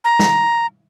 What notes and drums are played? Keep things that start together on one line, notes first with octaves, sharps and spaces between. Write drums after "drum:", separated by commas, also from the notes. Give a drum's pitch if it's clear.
A#5
drum: snare